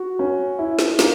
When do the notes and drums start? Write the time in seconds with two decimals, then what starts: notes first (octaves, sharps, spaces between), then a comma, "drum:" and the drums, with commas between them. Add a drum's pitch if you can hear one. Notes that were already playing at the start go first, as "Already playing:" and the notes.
Already playing: F#4
0.19 C#4
0.59 E4
0.79 drum: snare
0.99 A#3, drum: snare